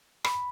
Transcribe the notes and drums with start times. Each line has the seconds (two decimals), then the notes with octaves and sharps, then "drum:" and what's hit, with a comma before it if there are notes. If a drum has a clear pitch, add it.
0.25 B5, drum: rim click